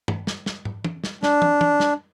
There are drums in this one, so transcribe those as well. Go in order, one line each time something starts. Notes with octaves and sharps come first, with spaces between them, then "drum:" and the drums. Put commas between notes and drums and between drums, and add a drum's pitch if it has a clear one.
drum: tom G2
drum: snare
drum: snare
drum: tom
drum: tom
drum: snare
D4, drum: snare
drum: tom
drum: tom
drum: snare